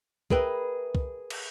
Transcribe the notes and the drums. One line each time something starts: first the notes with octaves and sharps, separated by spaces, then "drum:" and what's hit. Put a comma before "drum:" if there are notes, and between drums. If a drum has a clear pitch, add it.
G#4 A#4 B4 E5 G5, drum: kick
drum: kick
drum: cymbal